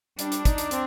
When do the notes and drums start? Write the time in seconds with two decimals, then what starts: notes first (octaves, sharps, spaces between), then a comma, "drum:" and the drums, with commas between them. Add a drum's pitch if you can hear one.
0.19 G3 D4, drum: hi-hat
0.32 drum: hi-hat
0.45 D#4, drum: kick, hi-hat
0.58 drum: hi-hat
0.71 C4, drum: hi-hat